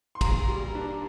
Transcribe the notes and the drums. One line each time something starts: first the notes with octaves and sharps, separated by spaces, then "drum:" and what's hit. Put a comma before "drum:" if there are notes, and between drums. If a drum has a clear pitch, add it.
C6
A#2 A#5, drum: kick, cymbal
G3
D4